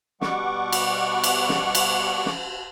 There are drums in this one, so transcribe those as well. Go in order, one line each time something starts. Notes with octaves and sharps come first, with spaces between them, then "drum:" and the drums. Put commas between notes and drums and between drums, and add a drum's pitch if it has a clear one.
B2 G3 F#5 C#6 D6, drum: snare
drum: cymbal
drum: cymbal
drum: snare
drum: cymbal
drum: snare